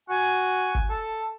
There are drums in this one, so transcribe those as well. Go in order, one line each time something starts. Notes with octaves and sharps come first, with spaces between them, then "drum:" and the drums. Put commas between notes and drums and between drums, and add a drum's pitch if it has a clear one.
F#4 G#5
drum: kick G1
A4